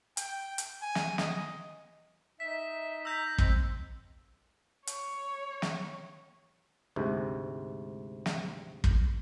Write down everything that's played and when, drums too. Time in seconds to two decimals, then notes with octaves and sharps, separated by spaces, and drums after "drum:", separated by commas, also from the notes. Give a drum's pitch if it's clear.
0.17 G5, drum: hi-hat
0.58 drum: hi-hat
0.82 G#5
0.95 drum: snare
1.18 D#5, drum: snare
2.40 D#4 E5 B6
3.05 A#5 E6 G6 B6
3.38 G#3 C4, drum: kick
4.87 C#5, drum: hi-hat
5.62 drum: snare
6.96 D2 G#2 C3
8.26 drum: snare
8.84 drum: kick